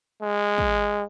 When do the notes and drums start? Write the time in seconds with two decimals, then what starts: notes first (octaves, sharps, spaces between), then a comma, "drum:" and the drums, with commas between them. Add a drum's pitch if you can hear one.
0.22 G#3
0.58 drum: kick